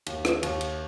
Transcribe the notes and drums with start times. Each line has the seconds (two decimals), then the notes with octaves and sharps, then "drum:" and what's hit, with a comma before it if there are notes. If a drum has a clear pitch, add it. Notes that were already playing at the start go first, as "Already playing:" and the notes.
0.06 D#2, drum: cymbal
0.25 drum: rim click
0.43 D#2, drum: cymbal
0.61 drum: cymbal